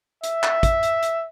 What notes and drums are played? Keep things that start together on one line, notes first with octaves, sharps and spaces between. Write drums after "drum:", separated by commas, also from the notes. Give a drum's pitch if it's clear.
E5, drum: hi-hat
drum: clap
drum: kick, hi-hat
drum: hi-hat
drum: hi-hat